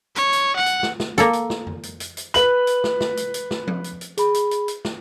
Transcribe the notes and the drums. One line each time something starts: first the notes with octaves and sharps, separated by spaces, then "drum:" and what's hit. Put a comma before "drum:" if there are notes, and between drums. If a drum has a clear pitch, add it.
C#5, drum: hi-hat
drum: hi-hat
F#5
drum: hi-hat
drum: snare
drum: snare
A#3 A4, drum: hi-hat
drum: hi-hat
drum: snare
drum: tom F2
drum: hi-hat
drum: hi-hat
drum: hi-hat
B4 F#7, drum: hi-hat
drum: hi-hat
drum: snare
drum: snare
drum: hi-hat
drum: hi-hat
drum: snare
drum: tom F3
drum: hi-hat
drum: hi-hat
G#4 B5, drum: hi-hat
drum: hi-hat
drum: hi-hat
drum: hi-hat
drum: snare